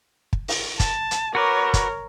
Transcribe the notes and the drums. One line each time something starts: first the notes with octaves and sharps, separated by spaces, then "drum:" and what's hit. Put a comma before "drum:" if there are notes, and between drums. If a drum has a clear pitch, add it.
drum: kick
drum: open hi-hat
A5, drum: kick, hi-hat
drum: hi-hat
F#4 A#4 B4 C#5 D6
drum: kick, hi-hat